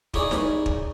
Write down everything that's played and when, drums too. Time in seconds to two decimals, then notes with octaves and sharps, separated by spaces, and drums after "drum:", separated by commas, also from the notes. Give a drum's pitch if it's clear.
0.14 D#4 E4 G#4 C#5 D5, drum: kick
0.31 drum: snare D#4
0.66 drum: kick